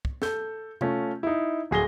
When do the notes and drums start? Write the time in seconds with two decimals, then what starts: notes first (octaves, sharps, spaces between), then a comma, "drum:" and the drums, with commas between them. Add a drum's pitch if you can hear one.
0.05 drum: kick
0.22 A4 G6, drum: snare
0.81 A3 C#4 F4, drum: tom C3
1.23 D#4 E4
1.71 D1 G#4 A#6 G7